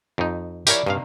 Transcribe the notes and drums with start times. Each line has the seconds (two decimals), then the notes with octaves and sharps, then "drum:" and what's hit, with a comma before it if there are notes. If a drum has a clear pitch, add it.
0.18 F2 D#4
0.67 F3 E4 G4 A#4 C#5 D5, drum: tambourine
0.86 G2 C3 D#3 A#3 F5